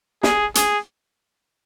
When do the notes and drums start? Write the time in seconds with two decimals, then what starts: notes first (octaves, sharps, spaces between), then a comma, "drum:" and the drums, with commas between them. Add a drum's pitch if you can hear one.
0.23 G#4, drum: snare
0.55 G#4, drum: hi-hat